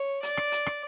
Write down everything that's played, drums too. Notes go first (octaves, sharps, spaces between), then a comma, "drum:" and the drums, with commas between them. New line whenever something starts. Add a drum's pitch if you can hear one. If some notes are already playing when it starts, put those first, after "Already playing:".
Already playing: C#5
D5, drum: hi-hat
drum: rim click
drum: hi-hat
drum: rim click